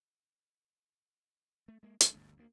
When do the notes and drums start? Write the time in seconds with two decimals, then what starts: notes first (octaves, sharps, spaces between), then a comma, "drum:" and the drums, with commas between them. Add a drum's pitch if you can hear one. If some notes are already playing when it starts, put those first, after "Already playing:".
1.68 A3
1.83 G#3 A#3
2.01 C2 F2 D3, drum: hi-hat
2.15 G1 D2 G#2
2.37 D2 A#3